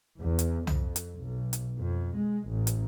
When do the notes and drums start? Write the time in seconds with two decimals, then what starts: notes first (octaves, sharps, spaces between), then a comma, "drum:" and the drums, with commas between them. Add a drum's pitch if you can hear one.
0.20 E2
0.39 drum: hi-hat
0.67 F2, drum: tom C2
0.96 drum: hi-hat
1.21 B1
1.53 drum: hi-hat
1.78 F2
2.17 G#3
2.49 A1
2.67 drum: hi-hat